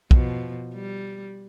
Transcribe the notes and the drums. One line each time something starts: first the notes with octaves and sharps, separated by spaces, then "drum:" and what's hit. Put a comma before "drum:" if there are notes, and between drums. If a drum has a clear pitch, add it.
B2 F3, drum: kick B1
G3